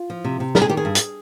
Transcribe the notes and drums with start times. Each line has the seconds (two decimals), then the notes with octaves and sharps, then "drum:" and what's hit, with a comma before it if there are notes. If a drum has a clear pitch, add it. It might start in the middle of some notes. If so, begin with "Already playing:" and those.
Already playing: F4
0.10 F3
0.25 C3
0.40 C3
0.55 G#3 A#4, drum: snare
0.62 G#4
0.69 D#3 G4
0.77 G#4
0.85 G2
0.95 drum: hi-hat